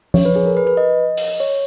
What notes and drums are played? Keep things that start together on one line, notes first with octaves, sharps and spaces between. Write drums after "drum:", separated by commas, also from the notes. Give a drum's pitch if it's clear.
C#5, drum: tom F3
B4
G#4
A#4
B4
B4
D#5
drum: open hi-hat
C#5